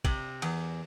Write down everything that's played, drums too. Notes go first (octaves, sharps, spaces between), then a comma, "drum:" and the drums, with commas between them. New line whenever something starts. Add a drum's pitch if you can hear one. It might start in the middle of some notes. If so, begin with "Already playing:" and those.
C3, drum: kick, cymbal
E2, drum: cymbal